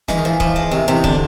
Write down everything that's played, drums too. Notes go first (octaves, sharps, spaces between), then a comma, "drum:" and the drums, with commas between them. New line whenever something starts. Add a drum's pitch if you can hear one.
E3 G#3, drum: snare
D#3
E3 F3
E3 F3, drum: kick C#1
G#3
C3 D#3
C3 E3
D#3
D3 D4, drum: kick C#1